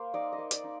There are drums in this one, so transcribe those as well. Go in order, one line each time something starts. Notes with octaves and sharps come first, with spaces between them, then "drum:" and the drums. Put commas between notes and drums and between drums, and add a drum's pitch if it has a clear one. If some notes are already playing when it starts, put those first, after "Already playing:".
Already playing: A#3 C5
D#4 D5
D#5
A#3
D5, drum: hi-hat
D#4